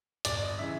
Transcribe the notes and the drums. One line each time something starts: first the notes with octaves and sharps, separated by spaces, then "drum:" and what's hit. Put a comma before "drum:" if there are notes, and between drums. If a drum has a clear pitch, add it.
G1 D5, drum: hi-hat
D#5
C#3 E3 E5